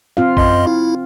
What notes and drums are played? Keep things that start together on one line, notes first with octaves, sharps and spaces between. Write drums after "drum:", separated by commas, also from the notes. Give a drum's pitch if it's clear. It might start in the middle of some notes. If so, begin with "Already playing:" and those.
C4 F4 F5
F#2 D#5 C6, drum: kick
E4